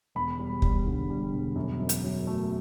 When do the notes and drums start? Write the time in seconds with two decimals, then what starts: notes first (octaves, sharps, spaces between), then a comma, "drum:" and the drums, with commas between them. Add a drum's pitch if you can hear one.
0.15 E1 B5
0.39 G3
0.62 G3, drum: kick
0.86 D3
1.10 G3
1.33 E1
1.56 F#2
1.79 F#2
1.89 drum: hi-hat
2.04 F#3
2.27 A3